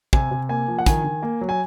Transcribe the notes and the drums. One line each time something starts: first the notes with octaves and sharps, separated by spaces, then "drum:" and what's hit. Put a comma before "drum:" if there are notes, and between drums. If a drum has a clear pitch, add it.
C3 G#5, drum: kick
C3
A#3 G#5
F3
F#5
D#3 G#5, drum: kick, hi-hat
D#3
A#3
F#3
G#5